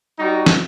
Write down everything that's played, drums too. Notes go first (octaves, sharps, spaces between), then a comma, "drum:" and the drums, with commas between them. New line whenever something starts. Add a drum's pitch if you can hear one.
G3 D#4 F#4
drum: snare